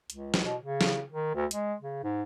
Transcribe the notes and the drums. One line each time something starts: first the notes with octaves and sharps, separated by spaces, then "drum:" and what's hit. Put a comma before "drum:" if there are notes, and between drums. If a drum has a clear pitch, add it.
C#2, drum: hi-hat
drum: snare
B2
C#3
drum: snare
D#3
D2
G#3, drum: hi-hat
C#3
G#2